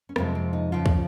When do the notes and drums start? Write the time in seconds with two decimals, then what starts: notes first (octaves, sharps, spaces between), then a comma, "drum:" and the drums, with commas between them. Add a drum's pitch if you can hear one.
0.09 C#4
0.16 F2 C3 F3 G#3 C4, drum: rim click
0.35 C4
0.53 D#4
0.72 F2 C#3 F3 F4
0.86 drum: kick